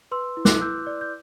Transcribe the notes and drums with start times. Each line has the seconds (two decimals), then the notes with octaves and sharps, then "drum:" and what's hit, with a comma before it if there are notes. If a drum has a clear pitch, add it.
0.11 B4 C6 E6
0.37 E4
0.45 D6 F#6, drum: snare
0.61 E4 E6 G6
0.87 D5
1.01 G6